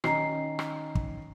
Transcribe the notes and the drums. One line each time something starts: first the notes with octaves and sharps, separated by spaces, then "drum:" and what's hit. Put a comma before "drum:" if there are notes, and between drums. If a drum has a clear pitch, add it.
D#3 C#4 D#4 A#5 C7, drum: rim click
drum: rim click
drum: kick